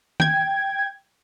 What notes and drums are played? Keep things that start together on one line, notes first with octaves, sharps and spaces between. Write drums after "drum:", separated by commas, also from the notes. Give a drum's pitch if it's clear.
G5 G#6, drum: tom